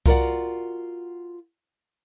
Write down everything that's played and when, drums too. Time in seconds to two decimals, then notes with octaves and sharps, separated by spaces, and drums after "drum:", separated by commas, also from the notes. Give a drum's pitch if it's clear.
0.06 F4 F#4 A#4 B4 D5 F#5, drum: kick C2